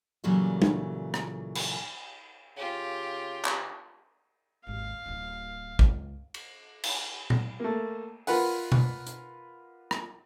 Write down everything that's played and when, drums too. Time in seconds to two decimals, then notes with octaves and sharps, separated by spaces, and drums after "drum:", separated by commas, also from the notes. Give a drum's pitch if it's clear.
0.24 A#2 C#3 E3 F#3 G3 A3
0.62 drum: tom
1.14 drum: rim click
1.55 drum: cymbal
2.57 C#3 F4 G4
3.45 drum: clap
4.67 G#1 D#2 F5
5.06 D1 D#4
5.79 C#2 C#3, drum: kick
6.34 drum: cymbal
6.83 drum: cymbal
7.30 drum: tom A#2
7.60 A3 A#3
8.27 F4 A#4 B4 F#5, drum: open hi-hat
8.72 drum: tom
9.07 drum: hi-hat
9.91 drum: rim click